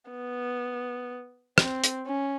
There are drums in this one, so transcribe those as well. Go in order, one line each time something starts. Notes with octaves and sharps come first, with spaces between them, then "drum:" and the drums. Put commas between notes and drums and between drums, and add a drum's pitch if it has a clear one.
B3
C4, drum: rim click
drum: hi-hat
C#4